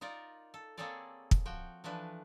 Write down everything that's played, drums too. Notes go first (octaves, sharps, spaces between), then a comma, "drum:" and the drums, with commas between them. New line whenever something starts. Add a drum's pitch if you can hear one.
D#4 F4 A#4 D5
A4
A#3 C4 G#4 A4 C#5 D5
drum: kick
F3 F#4 G5
E3 F3 A3 D4 B4